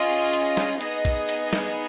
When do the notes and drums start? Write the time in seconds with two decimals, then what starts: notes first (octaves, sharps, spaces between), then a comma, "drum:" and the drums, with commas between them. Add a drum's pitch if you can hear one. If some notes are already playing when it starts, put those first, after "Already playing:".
Already playing: C#4 F4 G#4 D#5
0.33 drum: hi-hat
0.57 drum: snare
0.81 B3 D#4 G#4 D#5, drum: hi-hat
1.05 drum: kick A#1, hi-hat
1.29 drum: hi-hat
1.53 drum: snare